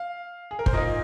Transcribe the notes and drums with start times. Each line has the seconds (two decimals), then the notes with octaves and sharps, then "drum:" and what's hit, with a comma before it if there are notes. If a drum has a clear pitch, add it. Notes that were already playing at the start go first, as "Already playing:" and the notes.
Already playing: F5
0.51 G#4
0.59 A#4
0.66 C5, drum: kick
0.73 A#2 A#3 D#4 D#5